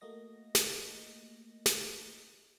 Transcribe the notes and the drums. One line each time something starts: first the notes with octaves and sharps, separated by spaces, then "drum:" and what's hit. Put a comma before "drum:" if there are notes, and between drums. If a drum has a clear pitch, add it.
A3 A#3 F#4 D#5 A#6
drum: snare
drum: snare